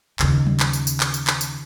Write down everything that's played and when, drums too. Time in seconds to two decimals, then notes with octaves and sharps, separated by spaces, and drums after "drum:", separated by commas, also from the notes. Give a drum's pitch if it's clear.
0.19 D#2 C#3, drum: clap
0.46 drum: tom F#3
0.60 drum: clap
0.73 drum: tambourine
0.87 drum: tambourine
1.00 drum: clap
1.14 drum: tambourine
1.27 drum: clap
1.41 drum: tambourine